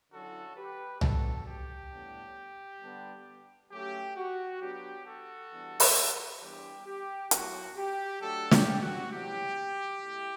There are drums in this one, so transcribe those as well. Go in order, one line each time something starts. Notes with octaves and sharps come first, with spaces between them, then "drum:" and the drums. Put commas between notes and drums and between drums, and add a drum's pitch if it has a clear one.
D3 F#3 C#4 E4 F#4 A4
G4 B4
F#3 B3 D4 F#4 A4, drum: tom C2
G4
A2 G3 B3 D4
D3 G3 B3 D4
F#3 A3 C#4 G4
F#4
F#3 B3 D4 G4
F#4 A4
E3 G3 B3 D4
drum: open hi-hat
E3 G3 B3 D4 G4
G4
A2 F#3 B3 E4 F#4, drum: hi-hat
G4
F#3 A3 D4 F#4 A4
G4, drum: snare
F#4
B2 F#3 B3 E4 G4
B2 A3 E4